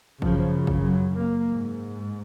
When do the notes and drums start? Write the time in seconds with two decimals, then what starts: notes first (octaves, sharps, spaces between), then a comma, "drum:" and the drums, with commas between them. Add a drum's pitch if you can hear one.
0.22 F#2 C#3 F3, drum: kick
0.67 drum: kick
0.85 F#3
1.16 A#3
1.49 G#2